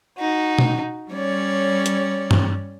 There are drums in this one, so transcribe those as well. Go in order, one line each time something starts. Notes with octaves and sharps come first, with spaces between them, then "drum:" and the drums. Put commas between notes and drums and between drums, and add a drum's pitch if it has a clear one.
D#4 F#4
drum: tom B2
G3 C#4 C#5 D5
drum: hi-hat
drum: tom